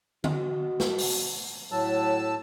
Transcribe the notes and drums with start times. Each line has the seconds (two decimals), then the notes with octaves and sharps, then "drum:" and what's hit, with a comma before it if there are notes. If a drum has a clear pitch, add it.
0.24 B2, drum: tom D3
0.80 drum: snare
0.98 drum: open hi-hat
1.72 A2 F#3 A5 E6